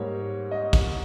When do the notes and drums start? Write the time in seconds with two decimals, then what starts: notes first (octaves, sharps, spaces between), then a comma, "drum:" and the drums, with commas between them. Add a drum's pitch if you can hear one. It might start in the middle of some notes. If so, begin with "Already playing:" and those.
Already playing: G#2 G3 A#3 C#5
0.51 D#5
0.73 drum: kick, cymbal